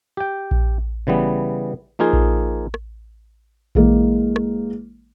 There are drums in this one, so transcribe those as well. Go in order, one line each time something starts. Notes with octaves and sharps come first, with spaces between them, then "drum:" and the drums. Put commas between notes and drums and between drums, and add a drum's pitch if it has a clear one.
G4 G5
drum: kick A#1
C#3 E3 G3 B3
F3 A#3 D#4 F4 G#4
drum: kick A#1
drum: rim click
E3 G#3 A#3, drum: kick A#1
drum: rim click